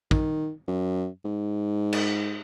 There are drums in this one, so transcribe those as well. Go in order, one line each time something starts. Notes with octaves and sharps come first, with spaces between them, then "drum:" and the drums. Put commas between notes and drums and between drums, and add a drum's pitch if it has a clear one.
D#3, drum: kick
F#2
G#2
drum: cymbal